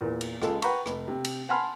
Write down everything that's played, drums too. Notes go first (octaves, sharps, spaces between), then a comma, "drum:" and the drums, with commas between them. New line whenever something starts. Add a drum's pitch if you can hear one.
E2 A#2
drum: cymbal
C#2 G#3 F4 A4, drum: rim click
B4 F#5 G5 A#5 B5 C#6, drum: cymbal
F1, drum: rim click
C3
drum: cymbal
F#5 G#5 A5 B5 C6 F6